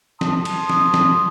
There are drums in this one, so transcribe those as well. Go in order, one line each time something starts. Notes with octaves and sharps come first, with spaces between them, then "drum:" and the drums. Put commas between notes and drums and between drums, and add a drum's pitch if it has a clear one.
A5 C6 D#6, drum: snare
drum: cymbal
drum: snare
drum: snare